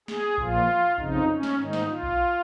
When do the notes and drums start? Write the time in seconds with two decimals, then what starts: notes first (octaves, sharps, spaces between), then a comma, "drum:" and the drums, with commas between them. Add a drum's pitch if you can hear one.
0.08 G#4, drum: snare
0.38 A#2 F3 F4, drum: kick A#1
0.98 F2 C#3 F3 D#4, drum: kick A#1
1.28 C#4
1.43 drum: snare
1.58 G#2 D#3 D#4
1.73 drum: snare
1.88 F4
2.03 drum: kick A#1